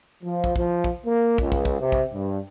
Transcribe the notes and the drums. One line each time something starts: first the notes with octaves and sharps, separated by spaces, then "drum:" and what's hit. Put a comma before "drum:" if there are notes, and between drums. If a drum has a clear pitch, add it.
F3
drum: kick
F3, drum: kick
drum: kick
A#3
C#2, drum: kick
drum: kick
drum: kick
C3
drum: kick
G2